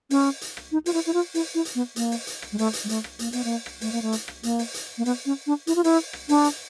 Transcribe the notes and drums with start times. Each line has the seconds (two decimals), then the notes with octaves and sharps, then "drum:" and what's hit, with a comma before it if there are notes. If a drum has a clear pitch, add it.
0.10 C#4, drum: open hi-hat
0.41 drum: hi-hat
0.57 drum: rim click
0.72 D#4
0.86 F4, drum: open hi-hat
0.94 E4
1.06 E4
1.14 F4
1.34 E4, drum: open hi-hat
1.55 E4
1.65 drum: hi-hat
1.75 B3
1.96 A#3, drum: hi-hat
2.11 drum: open hi-hat
2.27 drum: hi-hat
2.42 drum: rim click
2.52 G#3
2.58 A3, drum: open hi-hat
2.73 drum: hi-hat
2.84 G#3
2.89 A3, drum: hi-hat
3.04 drum: rim click
3.19 A#3, drum: hi-hat
3.32 B3, drum: open hi-hat
3.44 A#3
3.66 drum: rim click
3.81 A3, drum: open hi-hat
3.92 A#3
4.02 A3
4.12 drum: hi-hat
4.28 drum: rim click
4.43 A#3, drum: hi-hat
4.59 drum: open hi-hat
4.74 drum: hi-hat
4.98 A#3
5.05 B3, drum: open hi-hat
5.26 C#4
5.47 D4
5.67 E4, drum: hi-hat
5.76 F4
5.84 E4, drum: open hi-hat
6.13 drum: rim click
6.29 D4, drum: open hi-hat
6.44 drum: hi-hat